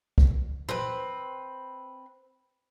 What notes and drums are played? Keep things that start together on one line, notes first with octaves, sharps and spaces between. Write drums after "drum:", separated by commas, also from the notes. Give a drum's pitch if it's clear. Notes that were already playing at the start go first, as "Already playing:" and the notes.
drum: kick
C4 B4, drum: tom